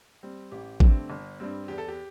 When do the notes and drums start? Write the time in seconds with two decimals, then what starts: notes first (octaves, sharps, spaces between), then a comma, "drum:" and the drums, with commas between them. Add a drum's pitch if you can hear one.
0.23 G3 C4
0.51 A1 G4
0.80 G2 D3 A3 C4, drum: kick
1.10 G1
1.40 G2 G3 C4
1.68 E2 G4
1.78 A4
1.88 G4